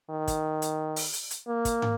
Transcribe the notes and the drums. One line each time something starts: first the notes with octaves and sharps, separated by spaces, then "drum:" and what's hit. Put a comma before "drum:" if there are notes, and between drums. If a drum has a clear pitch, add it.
D#3
drum: kick, hi-hat
drum: hi-hat
drum: open hi-hat
drum: hi-hat
drum: hi-hat
A#3
drum: kick, hi-hat
drum: tom